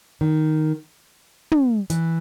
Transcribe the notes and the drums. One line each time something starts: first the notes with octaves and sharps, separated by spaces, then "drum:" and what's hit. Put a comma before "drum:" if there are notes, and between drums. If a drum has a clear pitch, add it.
D#3
drum: tom
E3, drum: hi-hat